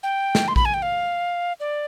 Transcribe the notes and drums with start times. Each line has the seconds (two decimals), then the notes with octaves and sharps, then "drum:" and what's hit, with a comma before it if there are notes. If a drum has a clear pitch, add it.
0.03 G5
0.35 drum: snare
0.48 C6
0.56 B5, drum: kick A#1
0.65 G#5
0.74 G5
0.82 F5
1.60 D5